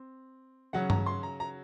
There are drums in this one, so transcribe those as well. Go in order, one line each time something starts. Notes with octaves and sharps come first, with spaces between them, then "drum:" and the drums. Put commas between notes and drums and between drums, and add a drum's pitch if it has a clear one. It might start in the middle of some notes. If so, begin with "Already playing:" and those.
Already playing: C4
C#3 F#3 C#4 F#5
A#5, drum: tom G2
C6
A#5
A#5